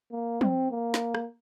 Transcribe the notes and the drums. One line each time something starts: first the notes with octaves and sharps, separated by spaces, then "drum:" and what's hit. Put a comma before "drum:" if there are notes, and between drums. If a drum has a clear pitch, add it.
A#3
C4, drum: tom F3
A#3
drum: snare
drum: rim click